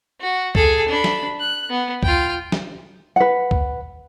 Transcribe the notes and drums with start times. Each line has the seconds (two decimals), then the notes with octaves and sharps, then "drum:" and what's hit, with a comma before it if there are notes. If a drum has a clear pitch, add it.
0.21 F#4
0.55 G#4 A4, drum: kick C#2
0.89 D4 B5
1.04 drum: snare
1.40 F#6
1.70 B3
2.03 F4 G5, drum: kick C#2
2.52 drum: snare
3.16 B4 F#5
3.51 drum: kick C#2